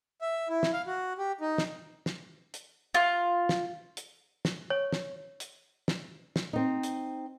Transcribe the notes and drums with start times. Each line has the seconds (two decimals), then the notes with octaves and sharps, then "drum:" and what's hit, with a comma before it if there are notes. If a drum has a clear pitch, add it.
0.21 E5
0.49 E4
0.63 drum: snare
0.73 F5
0.87 F#4
1.18 G4
1.41 D#4
1.58 drum: snare
2.06 drum: snare
2.54 drum: hi-hat
2.94 F4
3.49 drum: snare
3.97 drum: hi-hat
4.45 drum: snare
4.70 C#5
4.92 drum: snare
5.40 drum: hi-hat
5.88 drum: snare
6.36 drum: snare
6.53 C4 D#4
6.83 drum: hi-hat